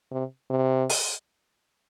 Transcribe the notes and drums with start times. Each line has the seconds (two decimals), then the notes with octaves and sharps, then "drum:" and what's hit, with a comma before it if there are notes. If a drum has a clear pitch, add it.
0.11 C3
0.50 C3
0.90 drum: open hi-hat